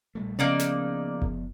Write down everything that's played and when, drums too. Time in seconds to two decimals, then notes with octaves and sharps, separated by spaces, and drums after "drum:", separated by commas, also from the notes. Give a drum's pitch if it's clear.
0.15 A#1 G3 A3
0.39 C#3 F3 A#3 B3 D#4 D5
0.59 drum: snare
1.22 drum: kick F#1